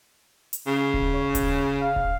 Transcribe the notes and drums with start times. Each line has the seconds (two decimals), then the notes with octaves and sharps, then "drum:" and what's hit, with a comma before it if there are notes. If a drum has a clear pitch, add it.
0.53 drum: hi-hat
0.67 C#3
0.94 drum: kick D#1
1.14 C#5
1.35 drum: kick D#1, hi-hat
1.81 F5
1.96 drum: kick D#1